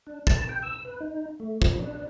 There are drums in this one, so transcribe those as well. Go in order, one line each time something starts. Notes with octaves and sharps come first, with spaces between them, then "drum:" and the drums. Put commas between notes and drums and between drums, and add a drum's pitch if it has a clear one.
D4
A5, drum: kick
G5
E6
B4
D#4
A3
F3, drum: kick
D4